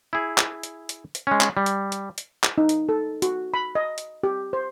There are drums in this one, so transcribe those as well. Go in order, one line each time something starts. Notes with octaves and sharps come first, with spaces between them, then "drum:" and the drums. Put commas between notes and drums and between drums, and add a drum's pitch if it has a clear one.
E4 G#4
drum: clap
drum: hi-hat
drum: hi-hat
drum: hi-hat
G#3 C#4
drum: clap
G3
drum: hi-hat
drum: hi-hat
drum: hi-hat
drum: clap
D#4
drum: hi-hat
A4
F#4, drum: hi-hat
B5
D#5
drum: hi-hat
G4
C5